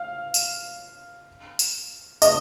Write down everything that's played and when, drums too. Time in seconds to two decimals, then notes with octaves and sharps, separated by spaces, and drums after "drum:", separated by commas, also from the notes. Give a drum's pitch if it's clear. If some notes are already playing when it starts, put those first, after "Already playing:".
Already playing: F5
0.34 drum: tambourine
1.59 drum: tambourine
2.22 D#5, drum: tambourine